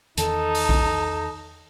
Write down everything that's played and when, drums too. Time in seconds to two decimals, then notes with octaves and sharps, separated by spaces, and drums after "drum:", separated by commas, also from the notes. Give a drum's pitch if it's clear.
0.17 E2 D#3 D#4 A4 A5, drum: hi-hat
0.55 drum: open hi-hat
0.69 drum: kick A#1